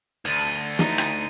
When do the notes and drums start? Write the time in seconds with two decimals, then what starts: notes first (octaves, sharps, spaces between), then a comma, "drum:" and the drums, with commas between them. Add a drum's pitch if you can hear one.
0.25 D2 G#6 A6 D#7, drum: hi-hat
0.79 D#4 E4, drum: snare
0.98 drum: rim click